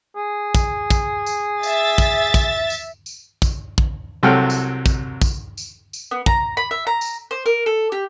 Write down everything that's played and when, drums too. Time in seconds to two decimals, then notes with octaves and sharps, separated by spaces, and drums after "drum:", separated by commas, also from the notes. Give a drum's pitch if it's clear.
0.16 G#4
0.55 drum: kick, tambourine
0.90 drum: kick, tambourine
1.26 drum: tambourine
1.63 E5 A6, drum: tambourine
1.98 drum: kick, tambourine
2.34 drum: kick, tambourine
2.70 drum: tambourine
3.06 drum: tambourine
3.42 drum: kick, tambourine
3.78 drum: kick
4.23 C2 C3 F#3 A4 G5 F6
4.50 drum: tambourine
4.86 drum: kick, tambourine
5.22 drum: kick, tambourine
5.57 drum: tambourine
5.93 drum: tambourine
6.11 B3
6.26 A#5, drum: kick
6.57 B5
6.71 E5
6.87 A#5
7.01 drum: tambourine
7.31 C5
7.46 A#4
7.66 A4
7.92 G4